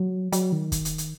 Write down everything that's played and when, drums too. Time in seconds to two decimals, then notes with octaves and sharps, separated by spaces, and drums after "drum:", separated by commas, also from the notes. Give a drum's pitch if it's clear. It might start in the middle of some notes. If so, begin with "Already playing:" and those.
Already playing: F#3
0.32 F#3, drum: hi-hat
0.52 D#3
0.72 drum: kick, hi-hat
0.85 drum: hi-hat
0.98 drum: hi-hat